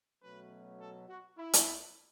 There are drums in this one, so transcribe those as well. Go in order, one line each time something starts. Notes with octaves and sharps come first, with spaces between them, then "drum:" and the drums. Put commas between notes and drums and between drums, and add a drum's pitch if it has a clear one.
B2 F#3 A3 C#4 B4
A4
F#4
E4
drum: hi-hat